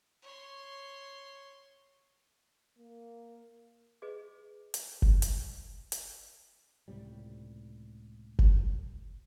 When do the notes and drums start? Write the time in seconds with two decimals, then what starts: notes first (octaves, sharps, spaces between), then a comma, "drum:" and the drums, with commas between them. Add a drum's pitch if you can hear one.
0.22 C#5 C6
2.79 A#3
4.02 G#4 B4 D#5 D6
4.74 drum: hi-hat
5.02 drum: kick F#1
5.22 drum: hi-hat
5.92 drum: hi-hat
6.88 C#2 A2 C3 G3
8.39 drum: kick F#1